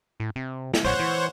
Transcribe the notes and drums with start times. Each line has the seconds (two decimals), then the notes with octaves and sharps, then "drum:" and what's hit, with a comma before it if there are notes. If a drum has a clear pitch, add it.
0.20 A2
0.36 C3
0.74 drum: snare
0.85 A1 C5 C#5 F#5
0.99 E3